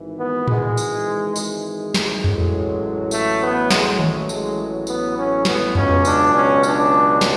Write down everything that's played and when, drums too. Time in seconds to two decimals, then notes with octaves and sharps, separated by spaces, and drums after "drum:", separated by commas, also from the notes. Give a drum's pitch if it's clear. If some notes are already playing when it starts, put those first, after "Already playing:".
Already playing: G#1 G#2 E3
0.18 B3
0.48 G#3, drum: tom A2
0.77 drum: tambourine
1.36 G#3, drum: tambourine
1.94 drum: snare
2.24 A1 A2 F#3, drum: tom E2
3.11 A3, drum: tambourine
3.41 B3
3.70 G#3, drum: snare
3.99 A3, drum: tom D#3
4.29 G#3, drum: tambourine
4.87 B3, drum: tambourine
5.17 C#4
5.45 B3, drum: snare
5.75 C#2 B2 F#3 C#4, drum: tom E2
6.05 D4, drum: tambourine
6.34 C#4
6.63 D4, drum: tambourine
7.21 drum: snare